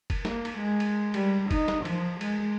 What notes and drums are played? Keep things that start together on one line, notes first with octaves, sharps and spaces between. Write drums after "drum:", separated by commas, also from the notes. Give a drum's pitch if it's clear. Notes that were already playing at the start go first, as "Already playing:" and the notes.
drum: kick F#1, cymbal
A#3, drum: snare
drum: cymbal
G#3
drum: cymbal
G3, drum: cymbal
D#4, drum: kick F#1, cymbal
drum: snare
F3, drum: cymbal
G#3, drum: cymbal